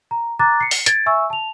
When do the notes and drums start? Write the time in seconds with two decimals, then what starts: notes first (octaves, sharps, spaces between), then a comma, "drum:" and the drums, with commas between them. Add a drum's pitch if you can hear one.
0.11 A#5
0.39 A#5 D6 F#6 A6
0.60 C7 C#7
0.71 drum: open hi-hat
0.86 G#6 A6 D7, drum: hi-hat
1.06 E5 G#5 C#6 E6
1.30 A5 F7